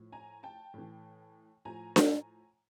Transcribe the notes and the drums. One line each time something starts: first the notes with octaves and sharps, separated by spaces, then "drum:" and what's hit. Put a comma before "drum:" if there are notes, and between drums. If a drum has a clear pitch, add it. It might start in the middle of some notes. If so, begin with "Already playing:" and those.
Already playing: A2 F3
G#5 A#5
G5 A5
A2 E3
A2 F3 G#5 A#5
drum: snare D4